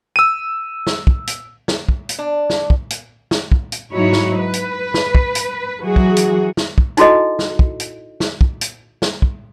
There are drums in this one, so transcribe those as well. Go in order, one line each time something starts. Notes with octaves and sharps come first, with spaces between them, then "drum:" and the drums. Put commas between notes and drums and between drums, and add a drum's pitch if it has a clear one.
E6 D#7
drum: snare
drum: kick
drum: hi-hat
drum: snare
drum: kick
drum: hi-hat
D4
drum: snare
drum: kick
drum: hi-hat
drum: snare
drum: kick
drum: hi-hat
G#2 F#3 D#4 E4 F#4 C#5
drum: snare
B4
drum: hi-hat
drum: snare
drum: kick
drum: hi-hat
E3 F#3 F#4 G#4
drum: kick
drum: hi-hat
drum: snare
drum: kick
D#4 E4 F#4 A4 D#5, drum: hi-hat
drum: snare
drum: kick
drum: hi-hat
drum: snare
drum: kick
drum: hi-hat
drum: snare
drum: kick